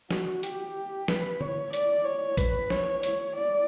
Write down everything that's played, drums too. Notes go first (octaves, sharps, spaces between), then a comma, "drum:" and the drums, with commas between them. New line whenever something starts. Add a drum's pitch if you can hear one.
F#4, drum: snare
G4, drum: hi-hat
B4, drum: snare
C#5, drum: tom
D5, drum: hi-hat
C#5
B4, drum: kick A#1, hi-hat
C#5, drum: snare
C#5, drum: hi-hat
D5